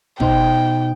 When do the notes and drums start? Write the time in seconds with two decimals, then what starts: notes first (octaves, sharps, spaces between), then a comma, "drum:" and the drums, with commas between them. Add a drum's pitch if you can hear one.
0.20 B2 D#4 C5 G5, drum: kick